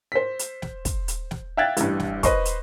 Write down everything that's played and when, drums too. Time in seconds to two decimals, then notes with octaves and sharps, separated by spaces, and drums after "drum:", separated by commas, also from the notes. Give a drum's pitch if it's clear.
0.12 C5 B6
0.39 drum: hi-hat
0.62 drum: snare
0.85 drum: kick, hi-hat
1.08 drum: hi-hat
1.31 drum: snare
1.57 E5 F5 G5 F#6 G#6 A6
1.77 A1 G2, drum: hi-hat
2.00 drum: snare
2.23 B4 C5 D#5 C6 C#6, drum: kick, hi-hat
2.45 drum: hi-hat